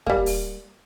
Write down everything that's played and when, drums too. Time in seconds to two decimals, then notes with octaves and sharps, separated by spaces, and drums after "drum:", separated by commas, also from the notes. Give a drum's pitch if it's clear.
0.06 G3 A#3, drum: kick
0.26 drum: open hi-hat